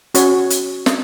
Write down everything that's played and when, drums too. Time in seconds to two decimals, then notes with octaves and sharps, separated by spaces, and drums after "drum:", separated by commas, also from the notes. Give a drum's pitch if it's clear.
0.15 C#4 F#4 C#5, drum: hi-hat
0.50 drum: hi-hat
0.86 drum: snare